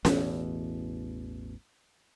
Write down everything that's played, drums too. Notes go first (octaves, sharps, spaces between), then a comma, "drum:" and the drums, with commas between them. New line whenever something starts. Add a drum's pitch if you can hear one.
A1 E2 B2, drum: snare C#4